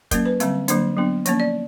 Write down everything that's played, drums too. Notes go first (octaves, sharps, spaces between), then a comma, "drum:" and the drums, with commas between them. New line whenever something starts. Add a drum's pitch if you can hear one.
F#3 A#3 C#4 A#4, drum: kick, hi-hat
B4
D3 G3 C4 F5, drum: hi-hat
D3 F#3 A#3 D4 C5, drum: hi-hat
F#3 B3 D4
F3 A#3 C#4 C#5, drum: hi-hat
D5